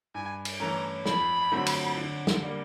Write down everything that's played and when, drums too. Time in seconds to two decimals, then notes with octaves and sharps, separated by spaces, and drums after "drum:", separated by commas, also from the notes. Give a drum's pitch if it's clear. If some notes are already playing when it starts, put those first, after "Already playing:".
0.15 G2 G#5
0.45 drum: cymbal
0.60 E3 A3 C#4 A#5
1.06 F2 B5, drum: snare
1.52 D3 F#3 A3 C4
1.66 drum: cymbal
1.97 D3
2.27 drum: snare
2.42 G3 A#3